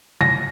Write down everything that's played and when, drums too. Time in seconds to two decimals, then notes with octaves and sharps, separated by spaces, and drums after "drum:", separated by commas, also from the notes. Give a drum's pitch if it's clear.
0.21 A#6, drum: tom C3